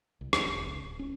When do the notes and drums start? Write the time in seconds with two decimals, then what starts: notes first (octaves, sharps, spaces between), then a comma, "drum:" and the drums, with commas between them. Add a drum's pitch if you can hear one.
0.21 C2
0.33 D#2, drum: rim click
0.46 F1
0.67 C#2
0.84 D1
0.99 C#4